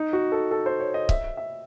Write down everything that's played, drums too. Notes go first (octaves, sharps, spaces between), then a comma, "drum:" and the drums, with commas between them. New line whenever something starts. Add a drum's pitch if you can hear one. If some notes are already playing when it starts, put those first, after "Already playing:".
Already playing: D#4
F#4
A4
A4
C5
C#5
D#5
E5, drum: kick C#1
E5